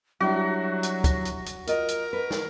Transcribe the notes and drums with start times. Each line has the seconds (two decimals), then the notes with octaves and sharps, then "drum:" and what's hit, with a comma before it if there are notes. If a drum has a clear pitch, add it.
0.20 F#3 G3 D4 E4 F#4
0.83 drum: hi-hat
1.04 drum: kick, hi-hat
1.25 drum: hi-hat
1.46 drum: hi-hat
1.67 F4 A#4 D#5, drum: hi-hat
1.88 drum: hi-hat
2.13 B4
2.31 drum: snare